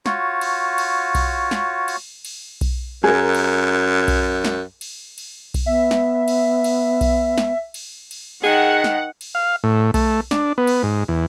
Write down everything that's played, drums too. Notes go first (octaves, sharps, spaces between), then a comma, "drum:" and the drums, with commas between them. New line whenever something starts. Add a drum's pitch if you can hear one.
F4 F#4 C#5, drum: snare
drum: cymbal
drum: cymbal
drum: kick B1, cymbal
drum: snare
drum: cymbal
drum: cymbal
drum: kick B1, cymbal
F#2 G#4 A#4
drum: cymbal
drum: kick B1, cymbal
drum: snare
drum: cymbal
drum: cymbal
drum: kick B1, cymbal
B3 E5
drum: snare
drum: cymbal
drum: cymbal
drum: kick B1, cymbal
drum: snare
drum: cymbal
drum: cymbal
D#3 G#4 F#5
drum: snare
drum: cymbal
F5
A2
A3, drum: kick B1, cymbal
D4, drum: snare
B3
drum: cymbal
G#2
E2